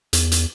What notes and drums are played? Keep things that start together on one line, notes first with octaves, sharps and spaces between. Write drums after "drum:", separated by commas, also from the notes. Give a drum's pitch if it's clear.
E2, drum: hi-hat
drum: hi-hat